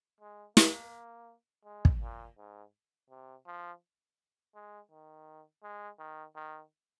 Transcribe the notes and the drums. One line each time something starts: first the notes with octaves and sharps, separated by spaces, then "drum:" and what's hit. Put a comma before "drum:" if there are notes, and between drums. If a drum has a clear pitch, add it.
G#3
A#3, drum: snare
G#3
drum: kick
A#2
G#2
C3
F3
G#3
D#3
G#3
D#3
D#3